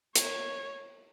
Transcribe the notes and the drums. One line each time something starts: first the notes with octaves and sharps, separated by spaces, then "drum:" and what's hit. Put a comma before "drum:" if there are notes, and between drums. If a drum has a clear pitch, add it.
C#5, drum: hi-hat